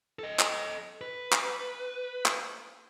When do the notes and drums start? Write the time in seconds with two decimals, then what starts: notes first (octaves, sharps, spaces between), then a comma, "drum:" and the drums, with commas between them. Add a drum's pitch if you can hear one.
0.19 A4 D#5
0.39 drum: clap
1.01 B4
1.32 drum: clap
2.26 drum: clap